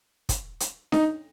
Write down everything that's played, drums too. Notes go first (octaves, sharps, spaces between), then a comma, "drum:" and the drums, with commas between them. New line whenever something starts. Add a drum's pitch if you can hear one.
drum: kick, hi-hat
drum: hi-hat
D#4, drum: snare D4